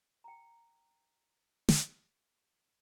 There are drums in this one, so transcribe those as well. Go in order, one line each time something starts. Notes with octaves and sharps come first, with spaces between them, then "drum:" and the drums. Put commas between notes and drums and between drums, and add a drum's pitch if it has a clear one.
G5 A#5
drum: snare